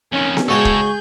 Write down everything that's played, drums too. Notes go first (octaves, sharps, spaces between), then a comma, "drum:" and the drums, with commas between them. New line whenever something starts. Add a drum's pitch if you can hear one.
F2 D#3 C#4
drum: snare B3
C#2 F#4 G#4 A4 C#5 C6 C#6 G6
drum: kick